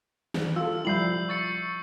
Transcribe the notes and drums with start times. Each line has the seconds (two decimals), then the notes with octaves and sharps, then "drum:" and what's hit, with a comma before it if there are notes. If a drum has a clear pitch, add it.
0.34 drum: snare
0.56 F4 A4 E6
0.85 F3 G3 E4 G6 C7 F#7
1.29 C#6 A6 C#7